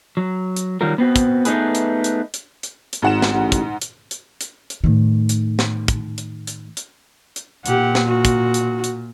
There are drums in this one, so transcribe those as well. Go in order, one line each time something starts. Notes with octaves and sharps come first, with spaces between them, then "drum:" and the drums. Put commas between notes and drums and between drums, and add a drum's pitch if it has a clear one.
F#3
drum: hi-hat
D#3 F#3 G3 F4 A#4
B3 C4 F#4
drum: kick, hi-hat
A3 B3 D#4 E4 G#4 B4, drum: hi-hat
drum: hi-hat
drum: hi-hat
drum: hi-hat
drum: hi-hat
drum: hi-hat
G#1 G#2 F#5 E7
drum: snare
A1
drum: kick, hi-hat
drum: hi-hat
drum: hi-hat
drum: hi-hat
drum: hi-hat
A2 D#3
drum: hi-hat
drum: snare
drum: kick, hi-hat
drum: hi-hat
drum: hi-hat
drum: hi-hat
drum: hi-hat
A#2 G4 F#5, drum: hi-hat
drum: snare
F#4
drum: kick, hi-hat
drum: hi-hat
drum: hi-hat